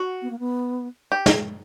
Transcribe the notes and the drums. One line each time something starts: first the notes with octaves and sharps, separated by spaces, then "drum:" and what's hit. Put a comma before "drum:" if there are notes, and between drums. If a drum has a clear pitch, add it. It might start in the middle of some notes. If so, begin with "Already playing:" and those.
Already playing: F#4
B3
A#3
B3
G4
drum: snare